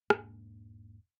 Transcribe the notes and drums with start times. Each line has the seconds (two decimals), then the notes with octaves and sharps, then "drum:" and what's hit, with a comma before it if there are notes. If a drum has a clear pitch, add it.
0.10 E1 G#2 A#3 D4, drum: rim click